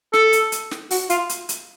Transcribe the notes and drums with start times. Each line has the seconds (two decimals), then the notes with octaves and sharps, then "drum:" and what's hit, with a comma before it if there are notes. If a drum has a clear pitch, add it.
0.13 A4, drum: snare
0.33 drum: hi-hat
0.52 drum: hi-hat
0.71 drum: snare
0.91 F#4, drum: open hi-hat
1.10 F4, drum: hi-hat
1.29 drum: hi-hat
1.49 drum: hi-hat